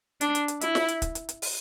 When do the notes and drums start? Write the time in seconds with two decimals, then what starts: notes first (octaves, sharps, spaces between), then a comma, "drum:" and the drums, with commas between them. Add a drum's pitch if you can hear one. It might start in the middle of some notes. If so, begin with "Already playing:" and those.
0.21 D4, drum: hi-hat
0.35 drum: hi-hat
0.48 drum: hi-hat
0.61 E4, drum: hi-hat
0.75 drum: snare
0.88 drum: hi-hat
1.02 drum: kick, hi-hat
1.15 drum: hi-hat
1.29 drum: hi-hat
1.42 drum: open hi-hat